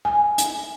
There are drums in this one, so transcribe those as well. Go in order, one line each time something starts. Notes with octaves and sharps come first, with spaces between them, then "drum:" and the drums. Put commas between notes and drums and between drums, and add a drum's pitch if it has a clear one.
G#5
drum: hi-hat